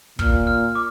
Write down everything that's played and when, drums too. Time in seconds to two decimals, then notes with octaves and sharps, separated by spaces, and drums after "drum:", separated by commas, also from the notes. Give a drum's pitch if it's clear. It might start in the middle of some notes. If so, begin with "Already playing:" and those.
0.19 A#2 F6, drum: kick
0.47 F6
0.75 D6